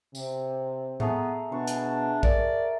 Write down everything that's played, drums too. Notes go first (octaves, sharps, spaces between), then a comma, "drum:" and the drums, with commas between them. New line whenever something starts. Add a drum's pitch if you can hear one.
C3, drum: tambourine
A3 B3 G#4 A#5, drum: tom A2
B2 D4 C#6
drum: hi-hat
A#4 D5, drum: kick